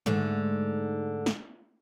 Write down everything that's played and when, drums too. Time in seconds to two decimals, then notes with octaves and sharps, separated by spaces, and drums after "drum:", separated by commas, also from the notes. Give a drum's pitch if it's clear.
0.06 G#2 D3 A3, drum: tom D3
1.26 drum: snare